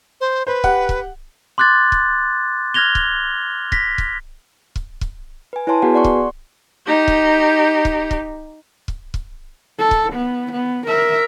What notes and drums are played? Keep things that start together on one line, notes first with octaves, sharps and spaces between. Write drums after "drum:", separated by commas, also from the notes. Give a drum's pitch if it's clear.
C5
B4 C5
G4 F#5, drum: kick
drum: kick
C6 D6 F#6 G#6 A6
drum: kick
F6 F#6 G#6 A#6 F7 G7
drum: kick
A#6 B6, drum: kick
drum: kick
drum: kick
drum: kick
B4 G#5
E4 B4 C#5 G#5 A5 C6
B3 F#4 G#4 B4 F#5 G#5
D5 F#5 C6 C#6
drum: kick
D#4 G4
drum: kick
drum: kick
drum: kick
drum: kick
drum: kick
A4
drum: kick
B3
B3
A#4 E5